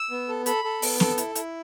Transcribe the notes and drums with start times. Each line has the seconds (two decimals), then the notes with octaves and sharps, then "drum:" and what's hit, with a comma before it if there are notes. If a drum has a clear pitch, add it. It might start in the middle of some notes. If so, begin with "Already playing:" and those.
Already playing: E6
0.11 B3
0.29 A4
0.46 A4 B5, drum: hi-hat
0.64 A4
0.82 B3, drum: open hi-hat
1.00 A4, drum: snare
1.18 E4, drum: hi-hat
1.35 E4, drum: hi-hat